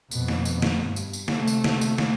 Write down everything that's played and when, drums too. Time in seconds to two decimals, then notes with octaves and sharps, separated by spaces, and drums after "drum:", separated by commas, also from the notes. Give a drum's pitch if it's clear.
0.11 F2 B2, drum: tambourine
0.28 drum: snare
0.45 drum: tambourine
0.62 drum: snare
0.84 G2
0.96 drum: tambourine
1.13 drum: tambourine
1.28 C3 A3, drum: snare
1.47 drum: tambourine
1.64 drum: snare
1.81 drum: tambourine
1.98 drum: snare